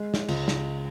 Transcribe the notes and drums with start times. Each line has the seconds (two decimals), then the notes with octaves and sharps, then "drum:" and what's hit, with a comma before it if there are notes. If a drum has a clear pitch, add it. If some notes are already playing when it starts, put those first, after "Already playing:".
Already playing: G#3
0.14 drum: snare
0.28 C#2, drum: cymbal
0.48 drum: snare